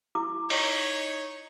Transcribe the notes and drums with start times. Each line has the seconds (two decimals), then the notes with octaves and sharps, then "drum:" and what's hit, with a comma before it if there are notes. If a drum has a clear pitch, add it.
0.15 E4 D6
0.50 D#4 C#5, drum: open hi-hat